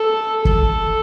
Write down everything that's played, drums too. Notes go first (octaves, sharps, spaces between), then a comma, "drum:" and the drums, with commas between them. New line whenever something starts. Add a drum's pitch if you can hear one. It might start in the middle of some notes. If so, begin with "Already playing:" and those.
Already playing: A4
A4, drum: kick